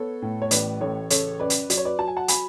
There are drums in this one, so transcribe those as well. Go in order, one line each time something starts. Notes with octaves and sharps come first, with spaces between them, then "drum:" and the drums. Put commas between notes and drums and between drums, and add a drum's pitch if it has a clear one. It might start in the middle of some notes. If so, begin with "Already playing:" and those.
Already playing: B3 A4 C#5
A2
C#5
A1 B4 D5, drum: hi-hat
A1 A4 C#5
C#3 A4 C#5, drum: hi-hat
F#2 B4 D5
drum: hi-hat
F#3 D5, drum: hi-hat
C#5
B4 D5
F#3 A5
G#5
F#5 A5
G#5 B5, drum: hi-hat